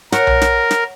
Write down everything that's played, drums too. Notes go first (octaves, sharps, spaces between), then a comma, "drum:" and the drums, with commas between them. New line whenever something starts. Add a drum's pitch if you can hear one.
A#4 C#5 F#5, drum: snare
drum: tom B1
drum: snare
drum: snare